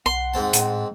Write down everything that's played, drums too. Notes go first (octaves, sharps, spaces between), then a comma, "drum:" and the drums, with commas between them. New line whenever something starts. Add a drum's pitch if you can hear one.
B1 F#5 C6
G#2 C4 A5
A2, drum: hi-hat